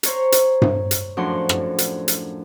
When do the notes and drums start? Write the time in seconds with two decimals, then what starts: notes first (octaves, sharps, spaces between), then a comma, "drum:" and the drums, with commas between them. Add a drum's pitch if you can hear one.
0.03 C5 C#5 A#5, drum: hi-hat
0.32 drum: hi-hat
0.62 drum: tom G2
0.91 drum: hi-hat
1.17 F#2 A2 F3 D4 F#5 C6
1.49 drum: rim click
1.78 drum: hi-hat
2.08 drum: hi-hat